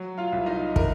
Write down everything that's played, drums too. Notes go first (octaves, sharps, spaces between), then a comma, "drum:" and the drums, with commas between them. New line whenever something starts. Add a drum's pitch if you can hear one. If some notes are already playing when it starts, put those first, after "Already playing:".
Already playing: F#3
F4 F5
C2
D#4 D#5
A#4, drum: kick